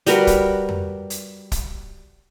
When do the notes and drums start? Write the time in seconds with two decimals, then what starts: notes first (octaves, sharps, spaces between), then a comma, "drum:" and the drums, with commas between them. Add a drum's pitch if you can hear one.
0.06 G3 F#4 A#4 B4, drum: hi-hat
0.27 drum: kick, hi-hat
0.69 drum: tom F2
1.10 drum: hi-hat
1.52 drum: kick, hi-hat